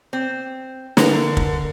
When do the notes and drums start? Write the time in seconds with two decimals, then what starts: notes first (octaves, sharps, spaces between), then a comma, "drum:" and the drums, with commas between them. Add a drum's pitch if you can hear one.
0.13 C4
0.97 D3 A#4, drum: snare
1.37 drum: kick